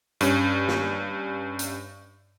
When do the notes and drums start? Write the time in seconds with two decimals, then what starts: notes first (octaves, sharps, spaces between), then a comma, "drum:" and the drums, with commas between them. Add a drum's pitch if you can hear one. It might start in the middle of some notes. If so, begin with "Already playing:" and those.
0.21 G2 C#4, drum: hi-hat
0.68 drum: snare
1.59 drum: hi-hat